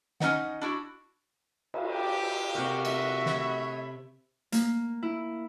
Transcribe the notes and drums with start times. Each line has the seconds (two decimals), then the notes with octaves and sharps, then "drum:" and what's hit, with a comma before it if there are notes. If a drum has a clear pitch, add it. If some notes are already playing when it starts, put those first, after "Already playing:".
0.20 C#4 D#4 D#5 F#5, drum: snare
0.61 D4 E4 F#4
1.74 drum: cymbal
1.91 G4
2.55 C3 F#4 A#4
2.85 E5, drum: cymbal
3.26 A3 C#5 B5, drum: snare
4.52 A#3, drum: hi-hat
5.03 E4